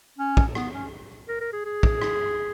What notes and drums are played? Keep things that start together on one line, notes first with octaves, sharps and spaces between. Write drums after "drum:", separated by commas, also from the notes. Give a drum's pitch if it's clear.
C#4
drum: kick
B3, drum: rim click
C#4
A#4
A#4
G#4
G#4
drum: kick
drum: rim click